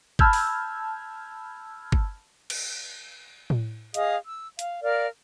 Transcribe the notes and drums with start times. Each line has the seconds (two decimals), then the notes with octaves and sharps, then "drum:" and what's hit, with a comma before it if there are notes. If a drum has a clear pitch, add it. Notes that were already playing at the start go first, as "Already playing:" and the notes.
0.19 A5 B5 E6 F6 G6 G#6, drum: kick
0.33 drum: open hi-hat
1.92 drum: kick
2.50 drum: cymbal
3.50 drum: tom A2
3.94 G#4 D#5 F5 D#6, drum: hi-hat
4.26 E6
4.59 F5, drum: hi-hat
4.83 A#4 D5 F5 F6